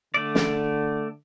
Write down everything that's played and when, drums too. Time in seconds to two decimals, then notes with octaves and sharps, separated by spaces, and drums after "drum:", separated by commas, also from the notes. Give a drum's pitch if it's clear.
0.14 D3 A3 D5
0.35 drum: snare